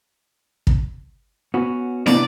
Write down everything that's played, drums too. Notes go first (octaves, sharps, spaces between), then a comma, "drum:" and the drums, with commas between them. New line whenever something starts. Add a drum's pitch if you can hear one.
drum: kick
B3 C#4 F#4
C3 B3 D4 D5, drum: snare